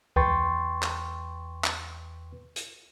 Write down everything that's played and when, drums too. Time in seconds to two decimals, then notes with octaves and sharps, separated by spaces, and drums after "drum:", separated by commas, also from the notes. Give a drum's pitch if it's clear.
0.16 E2 B4 G5 C6 C#6 A6, drum: kick C#2
0.83 drum: clap
1.64 drum: clap
2.56 drum: hi-hat